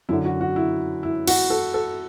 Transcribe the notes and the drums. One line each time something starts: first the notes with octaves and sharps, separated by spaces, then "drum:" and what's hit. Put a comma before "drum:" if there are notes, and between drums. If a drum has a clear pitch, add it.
F#2 D3 E4
F#4
F#4
E4
E4
F#4, drum: cymbal
A4
A4